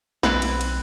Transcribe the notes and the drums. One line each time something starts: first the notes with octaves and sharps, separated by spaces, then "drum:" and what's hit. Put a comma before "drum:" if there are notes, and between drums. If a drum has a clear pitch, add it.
B1 C4 B4 G#5 B5, drum: snare
drum: cymbal
drum: cymbal